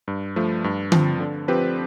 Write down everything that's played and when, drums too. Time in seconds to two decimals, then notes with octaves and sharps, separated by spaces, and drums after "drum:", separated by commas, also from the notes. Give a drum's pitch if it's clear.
0.08 G2
0.36 F3 A3
0.64 G2
0.92 F3 C4, drum: tom D3
1.20 D3
1.48 F3 C4 G4 B4